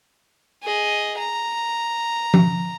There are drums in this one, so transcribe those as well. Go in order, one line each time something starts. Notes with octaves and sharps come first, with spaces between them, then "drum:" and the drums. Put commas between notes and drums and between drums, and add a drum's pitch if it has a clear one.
G#4 D#5
A#5
drum: tom F3